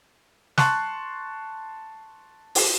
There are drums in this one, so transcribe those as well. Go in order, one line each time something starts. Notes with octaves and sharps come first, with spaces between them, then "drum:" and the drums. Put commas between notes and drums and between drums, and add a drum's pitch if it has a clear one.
A5 C6 C#6 F#6, drum: snare
drum: open hi-hat